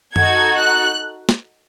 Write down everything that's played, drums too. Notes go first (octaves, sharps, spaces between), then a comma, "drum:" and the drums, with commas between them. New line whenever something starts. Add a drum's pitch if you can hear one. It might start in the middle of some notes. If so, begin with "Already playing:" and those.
D#4 F#4 A4 G#6, drum: tom F#2
F#6
drum: snare